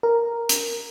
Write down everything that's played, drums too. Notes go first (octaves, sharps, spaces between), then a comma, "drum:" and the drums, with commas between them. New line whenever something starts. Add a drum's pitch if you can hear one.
A#4
drum: hi-hat